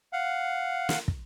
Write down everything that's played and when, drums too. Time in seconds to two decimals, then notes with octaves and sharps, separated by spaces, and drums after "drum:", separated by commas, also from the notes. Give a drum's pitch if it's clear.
0.13 F5 F#5
0.89 drum: snare
1.08 drum: kick